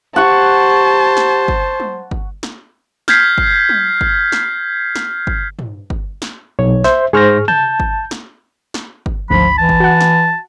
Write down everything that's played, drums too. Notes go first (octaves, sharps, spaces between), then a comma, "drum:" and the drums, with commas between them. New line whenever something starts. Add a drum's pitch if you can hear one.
G4 C5 F#5 A5 C#6
drum: snare
drum: kick G1
drum: tom
drum: kick G1
drum: snare
F6 G6 G#6 B6 C7, drum: snare
drum: kick G1
drum: tom
drum: kick G1
drum: snare
drum: snare
drum: kick G1
drum: tom
drum: kick G1
drum: snare
B1 C#5
C5 E5, drum: snare
G#2 G#4 C5 C#6 F6 A#6
A5 G6, drum: tom
drum: kick G1
drum: snare
drum: snare
drum: kick G1
G#1 D2 F3 B5
E3 A5
drum: kick G1
F#4 F#5
drum: snare